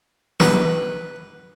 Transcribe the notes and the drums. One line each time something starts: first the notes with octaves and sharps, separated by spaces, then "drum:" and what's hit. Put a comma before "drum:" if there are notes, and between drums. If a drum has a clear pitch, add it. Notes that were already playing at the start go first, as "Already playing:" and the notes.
B4, drum: snare